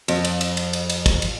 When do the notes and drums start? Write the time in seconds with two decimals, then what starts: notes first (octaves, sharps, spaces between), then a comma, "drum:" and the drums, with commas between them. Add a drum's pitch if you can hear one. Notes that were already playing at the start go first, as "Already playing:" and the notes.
0.08 F2, drum: cymbal
0.25 drum: cymbal
0.41 drum: cymbal
0.57 drum: cymbal
0.73 drum: cymbal
0.90 drum: cymbal
1.06 drum: kick, cymbal
1.22 drum: cymbal